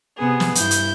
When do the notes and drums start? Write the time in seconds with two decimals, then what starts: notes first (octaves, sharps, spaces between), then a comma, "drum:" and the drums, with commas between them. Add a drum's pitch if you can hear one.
0.17 C3 B3 G#4
0.40 drum: snare
0.55 G2 E4 G6, drum: hi-hat
0.71 drum: hi-hat